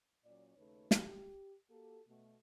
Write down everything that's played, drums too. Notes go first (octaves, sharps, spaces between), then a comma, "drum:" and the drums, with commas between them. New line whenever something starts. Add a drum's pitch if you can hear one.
A#2 F#3 C#4 D5
D#2 C#3 A3 D#4 B4 C#5
G4, drum: snare
A#3 F#4 G4 A4
B2 A3